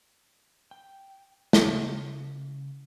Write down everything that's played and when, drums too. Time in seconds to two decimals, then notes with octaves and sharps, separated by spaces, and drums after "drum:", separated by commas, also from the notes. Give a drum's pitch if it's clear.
0.71 G5
1.53 C#3, drum: snare